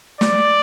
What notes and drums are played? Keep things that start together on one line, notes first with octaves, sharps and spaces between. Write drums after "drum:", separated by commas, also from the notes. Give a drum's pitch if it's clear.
D5, drum: snare